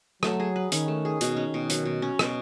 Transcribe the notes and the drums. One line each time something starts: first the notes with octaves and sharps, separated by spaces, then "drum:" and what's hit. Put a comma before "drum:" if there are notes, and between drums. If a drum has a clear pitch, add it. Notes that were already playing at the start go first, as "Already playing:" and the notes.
F#3 A3, drum: rim click
G#4
B4
D#3 C#4, drum: hi-hat
A3
G#4
B2 D#3, drum: hi-hat
C#4
B2
F#3, drum: hi-hat
B2
C#4
B2, drum: rim click